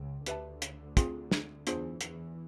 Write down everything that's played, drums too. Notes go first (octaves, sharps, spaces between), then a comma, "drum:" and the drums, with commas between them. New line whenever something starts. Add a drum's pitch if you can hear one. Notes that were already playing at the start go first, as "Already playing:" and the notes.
Already playing: C#2 C#3
D2 D3 G4 B4 E5 A5, drum: hi-hat
drum: hi-hat
C4 F4 G#4, drum: kick, hi-hat
drum: snare
E2 E3 B3 D4 F4 G#4 C5, drum: hi-hat
E2 E3, drum: hi-hat